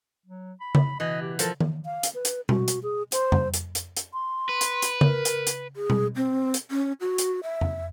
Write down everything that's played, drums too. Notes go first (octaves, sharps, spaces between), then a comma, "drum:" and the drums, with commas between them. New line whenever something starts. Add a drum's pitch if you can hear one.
F#3
B5
drum: tom C#3
B2 E3 D#5
G4
F3 A4 A#4 A5, drum: hi-hat
drum: tom D#3
F5
drum: hi-hat
B4
drum: hi-hat
F#4, drum: tom
drum: hi-hat
G#4
C5, drum: hi-hat
drum: tom F2
drum: hi-hat
drum: hi-hat
drum: hi-hat
C6
B4
drum: hi-hat
drum: hi-hat
A#4, drum: tom C#3
drum: hi-hat
drum: hi-hat
G#4
drum: tom
C4
drum: hi-hat
C#4
F#4
drum: hi-hat
E5
drum: tom F2